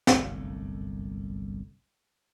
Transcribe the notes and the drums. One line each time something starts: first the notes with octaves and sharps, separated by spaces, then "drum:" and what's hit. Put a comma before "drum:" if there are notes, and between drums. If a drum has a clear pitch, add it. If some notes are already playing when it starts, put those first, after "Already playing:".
G1 C2 F#2 A3, drum: snare